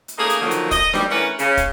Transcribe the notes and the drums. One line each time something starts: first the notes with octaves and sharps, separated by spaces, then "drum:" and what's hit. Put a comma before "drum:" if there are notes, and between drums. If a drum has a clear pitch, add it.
drum: hi-hat
A3 A#3 C#4 D#4 G#4
drum: hi-hat
D3 D#3 F3 F#3 A#3
drum: hi-hat
D#5, drum: kick, hi-hat
G3, drum: snare D4
E3 A3 C#4 A#4 B4 F#5
C#3, drum: hi-hat
drum: kick, hi-hat